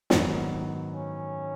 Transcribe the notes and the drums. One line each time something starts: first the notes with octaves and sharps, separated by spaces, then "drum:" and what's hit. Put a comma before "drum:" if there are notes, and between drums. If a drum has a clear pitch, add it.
G#2 D#3 F#3 B3, drum: snare
C#4